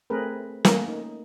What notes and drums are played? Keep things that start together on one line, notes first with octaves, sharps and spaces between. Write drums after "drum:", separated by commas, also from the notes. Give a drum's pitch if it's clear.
A3 C4 G#4 A#4 B4
A3 A#3 C#4 A#4, drum: snare
D#4